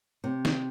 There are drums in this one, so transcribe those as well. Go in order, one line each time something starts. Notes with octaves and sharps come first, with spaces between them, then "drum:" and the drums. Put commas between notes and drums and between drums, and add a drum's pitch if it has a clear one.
C3
drum: snare